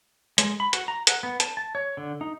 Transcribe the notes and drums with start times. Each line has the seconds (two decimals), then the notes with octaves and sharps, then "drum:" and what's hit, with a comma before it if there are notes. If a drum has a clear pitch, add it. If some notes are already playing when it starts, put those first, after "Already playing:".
0.38 G#3, drum: hi-hat
0.60 B5
0.73 F#4, drum: hi-hat
0.88 A#5
1.07 F#5, drum: hi-hat
1.23 B3
1.40 A5, drum: hi-hat
1.57 A5
1.75 C#5
1.97 D3
2.21 D#4